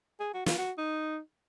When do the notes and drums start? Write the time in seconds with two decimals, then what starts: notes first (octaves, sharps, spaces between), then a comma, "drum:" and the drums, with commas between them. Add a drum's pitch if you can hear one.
0.20 G#4
0.34 F#4
0.46 F4, drum: snare
0.58 F#4
0.78 D#4